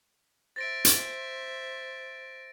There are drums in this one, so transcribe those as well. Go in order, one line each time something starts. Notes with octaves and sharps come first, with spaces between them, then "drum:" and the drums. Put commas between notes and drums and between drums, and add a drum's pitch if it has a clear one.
C5 E5 A6 A#6 D7
drum: hi-hat